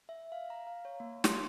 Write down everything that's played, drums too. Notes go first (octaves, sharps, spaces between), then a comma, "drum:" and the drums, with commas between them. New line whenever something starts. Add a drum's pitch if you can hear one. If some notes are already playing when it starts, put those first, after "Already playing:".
E5
F5
A#5
F5
C#5
A#3
C6, drum: snare